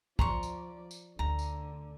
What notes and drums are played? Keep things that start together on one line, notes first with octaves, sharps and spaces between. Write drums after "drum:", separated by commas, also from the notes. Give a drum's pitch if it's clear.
F3 D5 A#5 C6 C#6, drum: kick
drum: tambourine
drum: tambourine
D2 D3 A#5
drum: tambourine